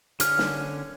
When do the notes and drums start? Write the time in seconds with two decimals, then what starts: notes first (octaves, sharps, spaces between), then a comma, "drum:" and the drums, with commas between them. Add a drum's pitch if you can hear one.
0.20 D3 C#4 F6, drum: hi-hat
0.38 drum: snare